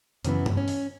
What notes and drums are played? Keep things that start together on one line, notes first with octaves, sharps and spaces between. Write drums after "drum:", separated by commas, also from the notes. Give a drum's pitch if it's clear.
F#2 C#3 E3 B3 C#4, drum: hi-hat
drum: tom G2
C#4
drum: open hi-hat